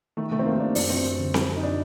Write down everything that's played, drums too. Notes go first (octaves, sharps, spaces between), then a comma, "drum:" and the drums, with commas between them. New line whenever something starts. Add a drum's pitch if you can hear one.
D#3 A3
D#3 A3
C4
D#2 A#3
D#2 D4
F#1 D4, drum: open hi-hat
F#2 C4
F#1
D3
F#1, drum: snare C4
F#2
D#4
D4